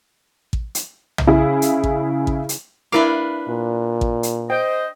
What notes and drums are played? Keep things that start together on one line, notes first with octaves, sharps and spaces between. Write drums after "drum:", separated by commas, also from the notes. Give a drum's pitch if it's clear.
drum: kick A1
drum: hi-hat
drum: tom B1
C#3 E4 G#4
drum: hi-hat
drum: kick A1
drum: kick A1
drum: hi-hat
D4 E4 A#4 B4 F5 D6
A#2
drum: kick A1
drum: hi-hat
C5 D#5 G5